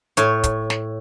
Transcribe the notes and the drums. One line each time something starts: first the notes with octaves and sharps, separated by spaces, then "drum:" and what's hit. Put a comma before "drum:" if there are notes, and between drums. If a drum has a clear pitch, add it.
A2 C#5, drum: hi-hat
drum: kick, hi-hat
drum: snare